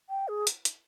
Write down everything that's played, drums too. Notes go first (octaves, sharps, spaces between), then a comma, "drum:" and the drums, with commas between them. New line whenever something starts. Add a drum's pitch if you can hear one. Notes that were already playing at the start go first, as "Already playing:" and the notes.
G5
G#4
drum: hi-hat
drum: hi-hat